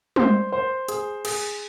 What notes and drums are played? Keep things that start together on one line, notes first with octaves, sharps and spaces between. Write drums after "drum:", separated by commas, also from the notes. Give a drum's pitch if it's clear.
C5, drum: tom
C5
G#4, drum: hi-hat
G#4, drum: cymbal